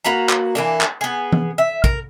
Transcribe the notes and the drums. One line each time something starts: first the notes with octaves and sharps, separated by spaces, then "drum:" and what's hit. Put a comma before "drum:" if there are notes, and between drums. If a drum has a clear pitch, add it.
A#3 F#4 B4 A#5
drum: clap
E3 A#3 D4
drum: clap
B3 G#4
drum: tom E3
E5
A#4, drum: kick